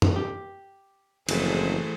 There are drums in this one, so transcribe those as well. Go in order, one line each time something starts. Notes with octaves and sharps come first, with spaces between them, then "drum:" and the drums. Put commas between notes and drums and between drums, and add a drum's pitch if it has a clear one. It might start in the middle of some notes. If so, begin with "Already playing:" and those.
drum: tom
G4
F#1 F2 E3 A3 G#4 A4 C5, drum: cymbal